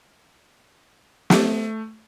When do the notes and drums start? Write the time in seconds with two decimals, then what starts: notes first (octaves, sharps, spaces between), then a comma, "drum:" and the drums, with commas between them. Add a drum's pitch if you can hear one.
1.30 A3, drum: snare